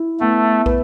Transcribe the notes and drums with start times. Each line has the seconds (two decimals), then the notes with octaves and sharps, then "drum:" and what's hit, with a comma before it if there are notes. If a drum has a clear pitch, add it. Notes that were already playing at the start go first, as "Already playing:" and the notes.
Already playing: E4
0.20 A3 B3
0.66 B4, drum: kick